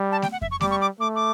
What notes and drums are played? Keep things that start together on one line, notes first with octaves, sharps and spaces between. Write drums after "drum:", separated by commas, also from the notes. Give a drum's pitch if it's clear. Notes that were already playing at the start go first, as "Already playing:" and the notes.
Already playing: G3
A5
G5, drum: snare A3
F#5
E5, drum: kick F2
C#6
G3 D6, drum: snare A3
C#6
D6
A3 D6
D6